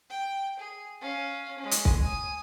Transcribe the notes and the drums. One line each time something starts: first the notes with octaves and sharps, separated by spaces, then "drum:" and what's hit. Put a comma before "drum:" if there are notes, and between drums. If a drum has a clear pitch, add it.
G5
G#4
C#4 F5
G#3 C#4
drum: hi-hat
drum: kick
G#5 D#6